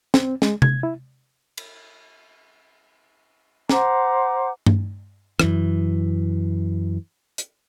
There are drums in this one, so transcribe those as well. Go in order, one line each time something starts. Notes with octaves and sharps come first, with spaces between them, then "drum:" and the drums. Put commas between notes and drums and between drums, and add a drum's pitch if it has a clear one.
C4, drum: snare
G#3, drum: snare
G#6, drum: tom C3
E4
drum: cymbal
C5 F#5 A#5 D6, drum: snare
drum: tom G2
F#2 E3, drum: rim click
drum: hi-hat